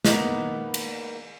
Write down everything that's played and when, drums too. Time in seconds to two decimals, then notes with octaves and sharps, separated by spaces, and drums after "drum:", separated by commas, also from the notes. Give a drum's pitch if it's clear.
0.05 A#3 B3 D#4 B4, drum: snare
0.74 drum: cymbal